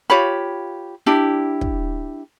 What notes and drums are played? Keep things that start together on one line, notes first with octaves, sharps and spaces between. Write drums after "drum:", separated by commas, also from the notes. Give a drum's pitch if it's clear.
F4 G4 C#5 B5
D4 E4 G4
drum: kick